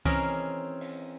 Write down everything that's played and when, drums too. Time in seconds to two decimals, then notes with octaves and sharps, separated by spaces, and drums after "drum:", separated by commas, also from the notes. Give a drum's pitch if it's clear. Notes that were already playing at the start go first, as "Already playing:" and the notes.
0.05 E3 C4 C#4 G#4 A#4 D#5, drum: kick C2
0.81 drum: cymbal